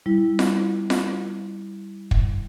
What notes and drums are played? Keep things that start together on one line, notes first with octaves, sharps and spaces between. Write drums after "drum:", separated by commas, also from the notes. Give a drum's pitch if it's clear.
G3 E4
drum: snare F4
drum: snare F4
drum: kick